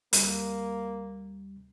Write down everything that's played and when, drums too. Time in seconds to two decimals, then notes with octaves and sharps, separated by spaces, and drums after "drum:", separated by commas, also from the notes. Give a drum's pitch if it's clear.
0.13 D2 G3 A#3, drum: hi-hat